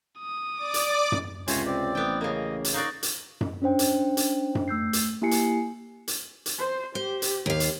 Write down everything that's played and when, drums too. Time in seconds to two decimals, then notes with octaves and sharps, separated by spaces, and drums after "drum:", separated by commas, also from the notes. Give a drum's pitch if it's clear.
0.19 D#6
0.55 D5 D6
0.74 drum: hi-hat
1.12 drum: tom F#2
1.48 C#2 C3 C#5 G#5 C6, drum: hi-hat
1.66 C4 D5
1.95 A1 B3 G5
2.21 C#3 A#3 D#5
2.64 drum: hi-hat
2.74 D#4 F#4 D5 F5
3.03 drum: hi-hat
3.41 drum: tom F#2
3.62 C#4 D4 C5 G5
3.79 drum: hi-hat
4.17 drum: hi-hat
4.55 drum: tom F#2
4.68 A3 E6 G6 C7
4.93 drum: hi-hat
5.22 A#3 E4 G4 G#5 C7 C#7
5.31 drum: hi-hat
6.08 drum: hi-hat
6.46 drum: hi-hat
6.59 C5
6.95 G4 C5
7.22 drum: hi-hat
7.46 D#2 F5
7.60 drum: hi-hat